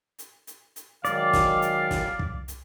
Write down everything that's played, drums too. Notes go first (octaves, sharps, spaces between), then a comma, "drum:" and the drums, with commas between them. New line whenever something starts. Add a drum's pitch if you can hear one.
drum: hi-hat
drum: hi-hat
drum: hi-hat
D#3 F#3 G#3 D5 F5, drum: hi-hat
drum: snare
drum: hi-hat
drum: snare
drum: kick
drum: hi-hat